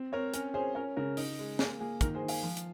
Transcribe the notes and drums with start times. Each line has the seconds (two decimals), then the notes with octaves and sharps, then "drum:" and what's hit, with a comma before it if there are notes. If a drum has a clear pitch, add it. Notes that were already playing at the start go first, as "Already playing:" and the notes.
Already playing: C4
0.12 C4 A#4 C#5
0.34 C#4 A#4, drum: hi-hat
0.54 C#4 G#4 C5
0.75 C#4 A#4 C#5
0.97 C#3 A#4
1.17 D#4, drum: open hi-hat
1.39 G#3
1.59 A#3 G#4, drum: snare
1.80 A#3 G#4
2.01 D#3 A#4, drum: kick, hi-hat
2.15 G#4 C5
2.23 D#3
2.28 F5 G#5, drum: open hi-hat
2.43 F3
2.57 drum: hi-hat